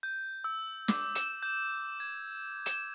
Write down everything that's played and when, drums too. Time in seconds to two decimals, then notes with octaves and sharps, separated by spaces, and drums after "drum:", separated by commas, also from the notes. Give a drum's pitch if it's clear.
0.03 G6
0.44 E6
0.88 D6, drum: snare
1.15 E7, drum: hi-hat
1.43 G6
2.00 G#6
2.66 E7, drum: hi-hat